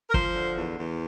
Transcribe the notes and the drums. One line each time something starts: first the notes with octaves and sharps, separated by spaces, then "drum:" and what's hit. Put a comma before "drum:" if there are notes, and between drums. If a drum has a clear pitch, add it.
A#4
F3 C5, drum: kick
D3
E2
E2